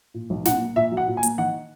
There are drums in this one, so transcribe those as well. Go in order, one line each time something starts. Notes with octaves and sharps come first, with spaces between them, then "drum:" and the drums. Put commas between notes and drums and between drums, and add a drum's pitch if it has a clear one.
A#2
B1
A#2 F#5, drum: snare
A#3
A#2 E5
F#3
F#5
A#2
G#5
A#3, drum: hi-hat
D#3 F#5